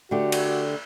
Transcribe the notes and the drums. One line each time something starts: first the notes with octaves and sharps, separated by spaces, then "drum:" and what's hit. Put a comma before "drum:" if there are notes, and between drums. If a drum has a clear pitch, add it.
D3 A3 F#4 G4
drum: cymbal